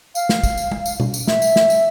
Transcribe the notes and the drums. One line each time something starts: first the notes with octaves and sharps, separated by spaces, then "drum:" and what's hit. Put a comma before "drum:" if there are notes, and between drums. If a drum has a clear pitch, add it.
F5, drum: tambourine
drum: snare
drum: kick, tambourine
drum: tambourine
drum: tom
drum: tambourine
drum: tom B2
drum: tambourine
E5, drum: snare
drum: tambourine
drum: snare
drum: tambourine